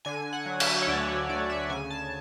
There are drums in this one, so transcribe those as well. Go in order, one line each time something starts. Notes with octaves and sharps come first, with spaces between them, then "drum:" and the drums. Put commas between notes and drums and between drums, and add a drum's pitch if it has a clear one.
D3 G#5
F#5
F#3
E5, drum: cymbal
C#5
D2 D5
C#5
D2 D5
E5
C#3 G#5
A5